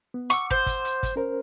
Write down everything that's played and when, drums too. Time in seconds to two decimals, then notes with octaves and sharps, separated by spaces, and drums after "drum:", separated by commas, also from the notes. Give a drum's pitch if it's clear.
0.14 B3
0.30 F#5 C#6 D6 E6, drum: hi-hat
0.50 C5, drum: kick
0.66 drum: kick, hi-hat
0.85 drum: hi-hat
1.03 drum: kick, hi-hat
1.16 C#4 A#4 C5